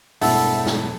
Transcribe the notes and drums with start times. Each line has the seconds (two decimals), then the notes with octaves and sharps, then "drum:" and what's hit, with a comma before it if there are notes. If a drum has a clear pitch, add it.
0.21 E1 G2 A3 E4 F#5 E6, drum: open hi-hat
0.67 drum: snare